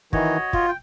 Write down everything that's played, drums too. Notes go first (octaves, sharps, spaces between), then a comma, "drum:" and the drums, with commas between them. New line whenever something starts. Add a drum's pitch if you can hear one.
D#3 E3 F#4 C#5 D#5, drum: kick
F4, drum: kick
G5